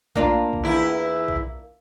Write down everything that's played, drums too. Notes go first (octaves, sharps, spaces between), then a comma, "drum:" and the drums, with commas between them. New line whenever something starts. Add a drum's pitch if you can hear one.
A#3 D4 F4, drum: kick B1
drum: kick B1
E2 E4
drum: kick B1